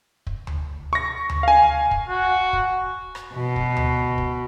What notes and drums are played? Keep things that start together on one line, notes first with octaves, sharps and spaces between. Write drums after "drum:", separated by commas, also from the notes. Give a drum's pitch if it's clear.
drum: kick
drum: tom D2
C#6 A#6
drum: tom D2
F5 G#5
drum: kick
F#4
drum: kick
drum: rim click
B2
drum: kick
drum: tom D2
drum: kick